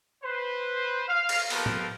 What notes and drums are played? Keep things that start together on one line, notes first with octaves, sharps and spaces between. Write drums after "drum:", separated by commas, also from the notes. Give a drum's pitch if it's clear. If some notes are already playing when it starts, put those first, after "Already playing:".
B4 C5
F5
drum: cymbal
F3 A#3 B3 G4 A4 A#4, drum: open hi-hat
drum: tom A2